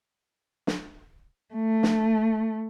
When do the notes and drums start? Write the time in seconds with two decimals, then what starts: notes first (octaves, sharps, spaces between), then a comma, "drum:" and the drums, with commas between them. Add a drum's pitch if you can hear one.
0.67 drum: snare
1.54 A3
1.83 drum: snare